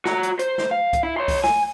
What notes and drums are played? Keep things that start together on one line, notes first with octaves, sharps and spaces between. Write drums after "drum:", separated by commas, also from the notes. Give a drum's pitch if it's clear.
F#4 A#5, drum: snare
drum: hi-hat
C5, drum: hi-hat
drum: snare
F5
drum: kick C2, hi-hat
E4
C#5 C6
drum: kick C2, open hi-hat
G#5, drum: snare